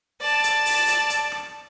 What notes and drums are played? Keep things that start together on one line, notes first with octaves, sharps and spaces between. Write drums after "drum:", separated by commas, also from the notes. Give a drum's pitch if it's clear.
D5 A5
drum: hi-hat
drum: open hi-hat
drum: hi-hat
drum: hi-hat
drum: rim click